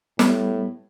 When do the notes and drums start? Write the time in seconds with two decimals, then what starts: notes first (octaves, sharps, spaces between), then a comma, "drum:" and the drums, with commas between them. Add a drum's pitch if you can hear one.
0.19 A2 G3 B3, drum: snare